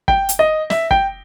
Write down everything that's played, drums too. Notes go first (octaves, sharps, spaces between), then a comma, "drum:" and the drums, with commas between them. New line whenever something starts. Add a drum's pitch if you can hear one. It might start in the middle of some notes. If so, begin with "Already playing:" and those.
G5, drum: kick
drum: hi-hat
D#5
E5, drum: snare
G5, drum: kick